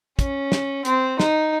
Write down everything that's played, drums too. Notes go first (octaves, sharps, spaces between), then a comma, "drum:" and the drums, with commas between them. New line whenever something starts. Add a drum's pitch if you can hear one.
C#4, drum: kick, hi-hat
drum: snare
C4, drum: hi-hat
D#4, drum: snare